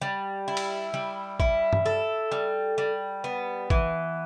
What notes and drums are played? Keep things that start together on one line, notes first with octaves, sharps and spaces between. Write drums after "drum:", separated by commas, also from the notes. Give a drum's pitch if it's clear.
G3
E4
drum: cymbal
G3
E4, drum: kick
drum: tom G2
A4
G3
G3
B3
E3, drum: kick